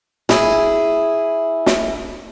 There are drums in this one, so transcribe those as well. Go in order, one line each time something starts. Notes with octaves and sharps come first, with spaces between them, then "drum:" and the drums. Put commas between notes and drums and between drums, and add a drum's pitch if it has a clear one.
E4 G#4, drum: snare
drum: snare